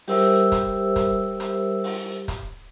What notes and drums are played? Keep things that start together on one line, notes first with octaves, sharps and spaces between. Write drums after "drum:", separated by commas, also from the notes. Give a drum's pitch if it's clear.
G3 G4 A#4 C5 E5 E6, drum: open hi-hat
drum: kick, hi-hat
drum: kick, hi-hat
drum: hi-hat
drum: open hi-hat
drum: kick, hi-hat